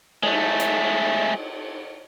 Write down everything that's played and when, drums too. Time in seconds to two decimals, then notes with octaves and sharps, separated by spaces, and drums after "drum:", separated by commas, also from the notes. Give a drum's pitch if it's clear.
0.23 G#3 A3, drum: cymbal
0.60 drum: hi-hat